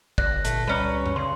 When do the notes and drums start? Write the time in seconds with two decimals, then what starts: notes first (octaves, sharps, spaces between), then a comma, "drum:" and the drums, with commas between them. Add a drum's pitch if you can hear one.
0.18 G1 D5 F#6 A#6, drum: kick
0.44 A#2 A3, drum: hi-hat
0.67 C#2 G3 C#4 B4 D5 A#5
1.06 drum: tom F#2
1.16 C#3 C6